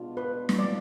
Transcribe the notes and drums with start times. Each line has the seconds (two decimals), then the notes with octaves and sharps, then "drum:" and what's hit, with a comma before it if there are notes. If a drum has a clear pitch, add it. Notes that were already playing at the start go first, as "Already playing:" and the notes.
Already playing: B2 G#3 D4 F4
0.17 B4
0.49 drum: snare
0.59 D5